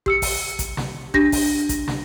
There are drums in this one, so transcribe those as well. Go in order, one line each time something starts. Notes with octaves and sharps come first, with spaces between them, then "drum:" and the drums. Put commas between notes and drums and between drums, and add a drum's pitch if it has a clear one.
G4 E6 C#7, drum: kick
drum: kick, open hi-hat
drum: kick, hi-hat
drum: snare
D4 G4 A#6, drum: kick
drum: kick, open hi-hat
drum: kick, hi-hat
drum: snare